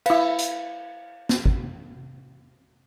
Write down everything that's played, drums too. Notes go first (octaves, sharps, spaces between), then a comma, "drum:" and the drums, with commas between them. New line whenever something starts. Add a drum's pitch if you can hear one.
E4 B4 F5, drum: cymbal
drum: hi-hat
drum: snare
drum: kick